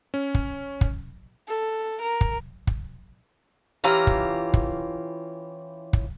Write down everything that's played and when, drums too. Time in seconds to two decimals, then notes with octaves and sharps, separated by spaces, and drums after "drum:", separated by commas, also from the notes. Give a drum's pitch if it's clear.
0.14 C#4
0.35 drum: kick
0.81 drum: kick
1.48 A4
2.02 A#4
2.21 drum: kick
2.67 drum: kick
3.84 E3 C#4 F4 G4 F5 A#5
4.07 drum: kick
4.54 drum: kick
5.93 drum: kick